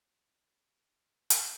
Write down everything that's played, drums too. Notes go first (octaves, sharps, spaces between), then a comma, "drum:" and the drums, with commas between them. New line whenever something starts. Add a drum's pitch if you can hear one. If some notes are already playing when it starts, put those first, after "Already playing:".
E1 A2 C3 D#4 F#5 G5
drum: hi-hat